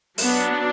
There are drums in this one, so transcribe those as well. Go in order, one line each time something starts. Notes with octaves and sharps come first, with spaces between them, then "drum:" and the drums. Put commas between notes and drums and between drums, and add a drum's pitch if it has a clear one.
F#3 B3 D4, drum: open hi-hat